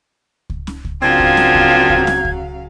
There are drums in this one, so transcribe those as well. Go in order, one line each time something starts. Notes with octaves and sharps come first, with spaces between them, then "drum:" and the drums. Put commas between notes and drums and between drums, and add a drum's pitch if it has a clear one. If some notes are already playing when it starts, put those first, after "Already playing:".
drum: kick C#2
drum: snare
drum: kick C#2
C#3 F3 F#3 A#3 C4 D4 F5 G#6
drum: kick C#2
drum: snare
drum: kick C#2
drum: kick C#2
drum: snare
drum: kick C#2